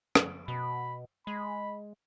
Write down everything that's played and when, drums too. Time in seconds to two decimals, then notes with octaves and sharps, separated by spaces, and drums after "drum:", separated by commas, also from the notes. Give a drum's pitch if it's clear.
0.15 drum: rim click
0.48 B2 B5
1.27 G#3 B5